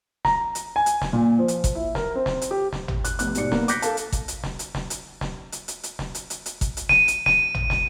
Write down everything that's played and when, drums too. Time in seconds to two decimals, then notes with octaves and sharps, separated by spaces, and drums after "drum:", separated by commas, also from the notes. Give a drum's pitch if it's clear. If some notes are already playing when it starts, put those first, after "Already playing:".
0.25 A#5, drum: snare
0.55 drum: hi-hat
0.76 G#5
0.86 drum: hi-hat
1.02 drum: snare
1.13 A#2
1.39 F3
1.48 drum: hi-hat
1.64 drum: kick G#1, hi-hat
1.75 E4
1.95 A#4, drum: snare
2.15 C4
2.26 drum: snare
2.41 drum: hi-hat
2.51 G4
2.73 drum: snare
2.88 drum: tom G#1
3.04 F#6, drum: hi-hat
3.19 F1 B3 F#6, drum: hi-hat
3.35 G#2 B2 G4 D5 C#7, drum: hi-hat
3.52 A#3 B3, drum: snare
3.68 D6 F#6 G6 A#6 B6 C#7, drum: hi-hat
3.82 A4 A#4 F5 A5, drum: hi-hat
3.97 drum: hi-hat
4.12 drum: kick G#1, hi-hat
4.28 drum: hi-hat
4.44 drum: snare
4.59 drum: hi-hat
4.75 drum: snare
4.90 drum: hi-hat
5.21 drum: snare
5.52 drum: hi-hat
5.68 drum: hi-hat
5.83 drum: hi-hat
5.99 drum: snare
6.15 drum: hi-hat
6.30 drum: hi-hat
6.46 drum: hi-hat
6.61 drum: kick G#1, hi-hat
6.77 drum: hi-hat
6.89 D#7, drum: snare
7.08 drum: hi-hat
7.26 D#7, drum: snare
7.54 drum: tom G#1
7.70 drum: snare